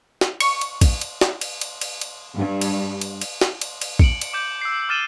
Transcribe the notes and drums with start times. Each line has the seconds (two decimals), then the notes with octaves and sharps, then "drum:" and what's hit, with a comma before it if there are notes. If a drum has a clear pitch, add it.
0.21 drum: snare
0.40 C#6, drum: cymbal
0.61 drum: cymbal
0.81 drum: kick A1, cymbal
1.01 drum: cymbal
1.21 drum: snare
1.41 drum: cymbal
1.61 drum: cymbal
1.81 drum: cymbal
2.01 drum: cymbal
2.36 G2
2.61 drum: cymbal
3.01 drum: cymbal
3.21 drum: cymbal
3.41 drum: snare
3.61 drum: cymbal
3.81 drum: cymbal
3.99 C#7 D7 F#7, drum: kick A1
4.21 drum: cymbal
4.34 D6 G6 D7
4.61 E6 C7
4.89 D6 F6 A6 D#7 E7 G7